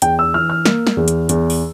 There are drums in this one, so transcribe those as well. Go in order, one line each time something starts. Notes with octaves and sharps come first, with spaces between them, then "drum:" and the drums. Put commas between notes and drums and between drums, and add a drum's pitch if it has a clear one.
E2 G5, drum: hi-hat
E6
E3 F6
F6
A#3, drum: snare
drum: snare
E2
drum: hi-hat
E2, drum: hi-hat
drum: open hi-hat